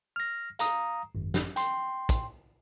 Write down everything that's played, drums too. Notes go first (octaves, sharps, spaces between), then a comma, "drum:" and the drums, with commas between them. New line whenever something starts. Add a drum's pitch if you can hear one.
F6 A#6
F5 A#5 D#6, drum: hi-hat
G#1 F#2
drum: snare
G5 C6, drum: hi-hat
drum: kick, hi-hat